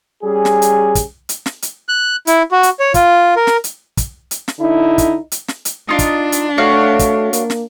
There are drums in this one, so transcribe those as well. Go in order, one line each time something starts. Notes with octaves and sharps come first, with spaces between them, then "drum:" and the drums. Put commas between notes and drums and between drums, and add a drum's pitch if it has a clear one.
G3 C#4 G#4
drum: snare
drum: hi-hat
drum: kick, hi-hat
drum: hi-hat
drum: snare
drum: hi-hat
F#6
E4, drum: hi-hat
F#4
drum: hi-hat
C#5
F4, drum: kick, hi-hat
A#4
drum: snare
drum: hi-hat
drum: kick, hi-hat
drum: hi-hat
drum: snare
D3 D#4 E4
drum: kick, hi-hat
drum: hi-hat
drum: snare
drum: hi-hat
D4 D#4 F4
drum: kick, hi-hat
drum: hi-hat
A3 F#4 C#5 F5
drum: kick, hi-hat
A#3, drum: hi-hat
drum: snare